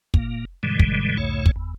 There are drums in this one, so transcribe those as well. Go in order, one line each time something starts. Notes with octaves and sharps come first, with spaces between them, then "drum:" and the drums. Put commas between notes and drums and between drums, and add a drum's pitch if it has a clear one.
A#2 A#3, drum: kick
G2 B2 D3 E3 G3 G#3
drum: kick
B1 E2 G#2 C#3 A3 C#5
drum: kick
E2